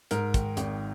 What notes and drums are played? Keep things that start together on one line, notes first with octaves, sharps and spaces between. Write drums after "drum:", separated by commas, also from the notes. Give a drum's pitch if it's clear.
G#2 A#4, drum: hi-hat
D#3, drum: kick, hi-hat
G#1, drum: hi-hat